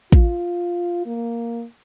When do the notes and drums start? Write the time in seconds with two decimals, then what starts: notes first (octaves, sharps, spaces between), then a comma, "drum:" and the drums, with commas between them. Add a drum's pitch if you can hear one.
0.12 F4, drum: kick
1.06 A#3